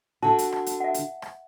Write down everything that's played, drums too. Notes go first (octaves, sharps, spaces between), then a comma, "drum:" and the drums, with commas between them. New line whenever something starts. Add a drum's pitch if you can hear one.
D3 F#4 A5
drum: hi-hat
drum: rim click
drum: hi-hat
E5 F#5
drum: hi-hat
drum: rim click